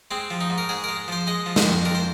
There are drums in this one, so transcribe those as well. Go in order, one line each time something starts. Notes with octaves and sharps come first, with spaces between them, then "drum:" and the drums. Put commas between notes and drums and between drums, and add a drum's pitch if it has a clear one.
G#3 C4
F3
D#4
G#2
A#4
G#2 G#4
G#3 A#4
F3 C5
G#3 D#5
F3
C5, drum: snare
F2
F2 A#4
C5